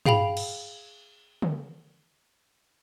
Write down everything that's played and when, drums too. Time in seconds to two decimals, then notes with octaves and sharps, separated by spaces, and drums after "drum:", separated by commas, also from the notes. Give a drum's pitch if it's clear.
0.06 G#4 F5 G5 B5 F7, drum: tom
0.37 drum: cymbal
1.42 drum: tom